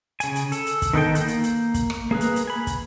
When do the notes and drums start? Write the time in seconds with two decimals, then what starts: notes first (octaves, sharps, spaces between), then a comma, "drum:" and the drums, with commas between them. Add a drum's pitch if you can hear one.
0.20 C#3 G#5, drum: hi-hat
0.36 drum: hi-hat
0.52 A4, drum: hi-hat
0.66 drum: hi-hat
0.82 drum: kick, hi-hat
0.93 D#3 B3 D#4 A4 G5
1.15 A#3 G6, drum: hi-hat
1.28 drum: hi-hat
1.44 drum: hi-hat
1.74 drum: kick, hi-hat
1.90 drum: rim click
2.11 A#3 G#4 A#4 B4
2.21 drum: hi-hat
2.36 drum: hi-hat
2.48 G#5 B5
2.67 drum: kick, hi-hat